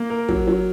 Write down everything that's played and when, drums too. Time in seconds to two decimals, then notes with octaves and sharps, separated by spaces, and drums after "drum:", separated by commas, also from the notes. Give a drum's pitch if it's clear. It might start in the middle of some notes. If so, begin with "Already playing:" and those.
Already playing: A#3
0.10 A#4
0.29 F#3, drum: kick
0.48 F#3